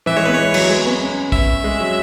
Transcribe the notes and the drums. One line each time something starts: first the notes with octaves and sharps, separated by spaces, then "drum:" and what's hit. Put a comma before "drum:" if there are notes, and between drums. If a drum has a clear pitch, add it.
E3 E5
G#3 C#5
B3 B4
G#3 C#5
F#3, drum: cymbal
G#3
B3
C#4
E5, drum: kick
G#3
F#3